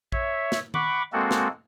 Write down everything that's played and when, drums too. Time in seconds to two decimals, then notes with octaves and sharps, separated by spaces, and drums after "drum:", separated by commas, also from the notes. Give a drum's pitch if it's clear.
0.12 C#5 E5, drum: kick A#1
0.52 drum: snare
0.74 F#5 B5 C#6 D6, drum: tom D#3
1.13 G#3 A#3 C4 F#4 A4
1.31 drum: snare